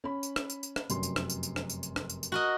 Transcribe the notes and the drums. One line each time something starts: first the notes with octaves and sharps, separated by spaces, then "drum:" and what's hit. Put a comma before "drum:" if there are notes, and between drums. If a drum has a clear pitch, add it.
C#4 B5
drum: tambourine
drum: rim click
drum: tambourine
drum: tambourine
drum: rim click
F1 F#2 C6, drum: tambourine
drum: tambourine
drum: rim click
drum: tambourine
drum: tambourine
drum: rim click
drum: tambourine
drum: tambourine
drum: rim click
drum: tambourine
drum: tambourine
F#4 A#4 D#5